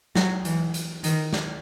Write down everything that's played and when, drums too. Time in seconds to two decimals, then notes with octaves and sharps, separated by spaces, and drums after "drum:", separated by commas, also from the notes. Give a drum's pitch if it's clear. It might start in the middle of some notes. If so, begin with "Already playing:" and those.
0.15 F#3, drum: snare
0.45 E3, drum: hi-hat
0.74 drum: hi-hat
1.04 D#3, drum: hi-hat
1.33 drum: snare